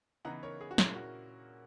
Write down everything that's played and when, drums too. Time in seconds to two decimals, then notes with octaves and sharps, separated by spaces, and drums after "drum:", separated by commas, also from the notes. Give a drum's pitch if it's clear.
0.25 C#3 E3 B3 D#4 F#5 A#5
0.43 A#4 C#5
0.61 G#4
0.71 F#4
0.78 A#2 A#3 C#4 E4 G#4, drum: snare
0.95 F#4 A#4